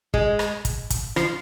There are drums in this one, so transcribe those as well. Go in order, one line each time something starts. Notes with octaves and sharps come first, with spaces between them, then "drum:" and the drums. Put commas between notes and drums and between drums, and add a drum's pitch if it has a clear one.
G#3, drum: kick
drum: rim click
drum: kick, hi-hat
drum: kick, hi-hat
F3, drum: rim click